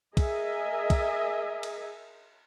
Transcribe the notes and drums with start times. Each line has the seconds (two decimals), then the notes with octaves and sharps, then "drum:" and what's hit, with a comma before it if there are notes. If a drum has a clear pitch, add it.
0.17 G#4 A#4 D#5 E5 G#5, drum: kick, cymbal
0.90 drum: kick, cymbal
1.63 drum: cymbal